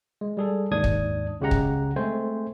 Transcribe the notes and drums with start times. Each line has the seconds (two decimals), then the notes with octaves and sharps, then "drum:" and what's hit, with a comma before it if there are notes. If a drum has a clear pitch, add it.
0.21 G#3
0.37 G3 G#4 A4
0.71 D#2 G#2 D4 D#6 G#6
0.84 drum: kick
1.41 C#2 C#3 G#3 G4 F#5 A#5
1.51 drum: kick
1.96 G#3 A3 C4 C5 G#5